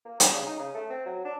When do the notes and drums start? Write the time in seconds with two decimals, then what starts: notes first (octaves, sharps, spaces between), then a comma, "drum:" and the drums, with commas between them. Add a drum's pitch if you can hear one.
0.05 A#3
0.20 D4, drum: hi-hat
0.34 C#3
0.46 D#4
0.59 C#3
0.74 A3
0.90 C4
1.06 F#3
1.25 D4